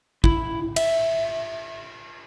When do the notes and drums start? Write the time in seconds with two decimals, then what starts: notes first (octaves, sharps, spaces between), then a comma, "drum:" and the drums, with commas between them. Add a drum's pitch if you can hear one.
0.24 E4, drum: kick
0.76 E5, drum: cymbal